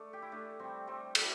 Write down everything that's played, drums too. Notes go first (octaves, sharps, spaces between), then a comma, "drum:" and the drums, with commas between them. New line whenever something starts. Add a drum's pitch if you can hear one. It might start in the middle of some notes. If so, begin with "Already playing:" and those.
Already playing: A3 D4
G4
E4
A3 D4
G3 C4
G3 C4
A3, drum: cymbal